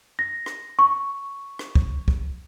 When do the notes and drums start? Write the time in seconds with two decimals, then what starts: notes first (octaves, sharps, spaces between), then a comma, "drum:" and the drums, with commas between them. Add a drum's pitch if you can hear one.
0.19 A#6
0.46 drum: rim click
0.79 C#6
1.59 drum: rim click
1.75 drum: kick
2.08 drum: kick